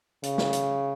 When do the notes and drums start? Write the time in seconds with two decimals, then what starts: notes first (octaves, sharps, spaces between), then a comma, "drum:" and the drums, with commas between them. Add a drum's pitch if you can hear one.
0.23 C#3, drum: hi-hat
0.38 drum: snare
0.53 drum: hi-hat